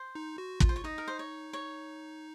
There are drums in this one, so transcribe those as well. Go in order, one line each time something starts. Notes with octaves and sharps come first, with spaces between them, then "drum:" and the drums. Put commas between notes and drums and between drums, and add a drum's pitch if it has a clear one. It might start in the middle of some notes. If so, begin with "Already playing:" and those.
Already playing: C5
D#4
F#4
F4, drum: kick
C5
C#5
D#4 D#5
A#4
C5
C#5
C#5